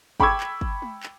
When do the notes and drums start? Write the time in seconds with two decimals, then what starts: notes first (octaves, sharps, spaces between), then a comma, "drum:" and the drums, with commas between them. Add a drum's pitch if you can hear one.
0.20 G5 B5 C#6 D6 E6 G#6, drum: kick
0.40 drum: clap
0.61 drum: kick
0.82 drum: tom G#3
1.03 drum: clap